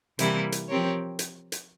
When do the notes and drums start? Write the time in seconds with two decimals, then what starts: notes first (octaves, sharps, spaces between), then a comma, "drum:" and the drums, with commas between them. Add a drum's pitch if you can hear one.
0.19 C3 E3 G3 A#3 E4, drum: hi-hat
0.52 drum: hi-hat
0.69 F3 C4 G4 A#4 C#5
1.19 drum: hi-hat
1.52 drum: hi-hat